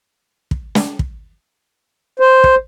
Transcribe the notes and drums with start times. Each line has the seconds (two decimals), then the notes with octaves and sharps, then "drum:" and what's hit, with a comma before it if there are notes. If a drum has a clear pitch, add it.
0.51 drum: kick
0.75 drum: snare
0.99 drum: kick
2.20 C5
2.44 drum: kick